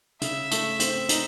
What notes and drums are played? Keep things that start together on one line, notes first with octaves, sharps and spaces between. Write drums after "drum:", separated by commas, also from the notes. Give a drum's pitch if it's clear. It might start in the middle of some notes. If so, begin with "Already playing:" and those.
C#3 E5, drum: hi-hat
A3, drum: hi-hat
C4, drum: hi-hat
D#4, drum: hi-hat